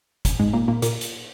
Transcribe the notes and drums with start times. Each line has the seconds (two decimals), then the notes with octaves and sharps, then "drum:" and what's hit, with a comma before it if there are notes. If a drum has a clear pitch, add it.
0.25 drum: kick F#1, hi-hat
0.39 G#2 G#3
0.53 A#2 A#3
0.68 A#2 A#3
0.82 A#2 A#3, drum: hi-hat
1.01 drum: hi-hat